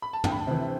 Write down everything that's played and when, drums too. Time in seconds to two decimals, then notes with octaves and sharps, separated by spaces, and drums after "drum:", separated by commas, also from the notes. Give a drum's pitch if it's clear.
0.02 B5
0.13 A5
0.24 D2 G5, drum: tom
0.32 B5
0.40 A5
0.47 C3 E3